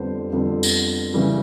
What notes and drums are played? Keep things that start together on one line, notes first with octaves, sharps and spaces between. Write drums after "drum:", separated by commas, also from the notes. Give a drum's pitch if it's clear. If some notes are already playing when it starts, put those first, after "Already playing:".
Already playing: F2 D3 G3 B3 C5
F2 D3 G3 B3
drum: tambourine
C#3 E3 G3